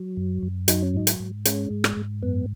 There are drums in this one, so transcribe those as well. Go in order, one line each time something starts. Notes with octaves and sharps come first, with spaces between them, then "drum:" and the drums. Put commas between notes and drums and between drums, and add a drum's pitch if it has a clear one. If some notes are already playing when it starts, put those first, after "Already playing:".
Already playing: F#3
F#2
F#2
F#3 D#4, drum: hi-hat
C#4
G#2 D#4
drum: hi-hat
G#2
G#3 C#4, drum: hi-hat
G#2
drum: rim click
G#2
F#2 B3